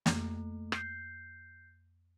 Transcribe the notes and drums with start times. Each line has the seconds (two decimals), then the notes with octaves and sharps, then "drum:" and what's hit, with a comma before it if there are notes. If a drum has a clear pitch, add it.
0.06 F2 A3 A#3, drum: snare
0.72 G6 C7, drum: rim click